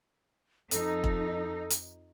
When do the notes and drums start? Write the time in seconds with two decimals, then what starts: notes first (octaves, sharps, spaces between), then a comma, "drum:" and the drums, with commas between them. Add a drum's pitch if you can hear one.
0.71 F2 D#4 A4, drum: hi-hat
1.04 drum: kick
1.70 drum: hi-hat